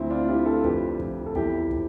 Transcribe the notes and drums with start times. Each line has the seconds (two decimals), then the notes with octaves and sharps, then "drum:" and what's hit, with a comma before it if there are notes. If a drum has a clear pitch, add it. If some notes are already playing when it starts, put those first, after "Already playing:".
Already playing: D2 F3 C4 E4
0.10 D4 F4
0.24 F4
0.28 D2 E4 G4
0.46 F4 A4
0.64 F2 G4 B4, drum: kick
1.00 F3, drum: kick
1.26 A4
1.35 E2 E4 G4, drum: kick
1.71 drum: kick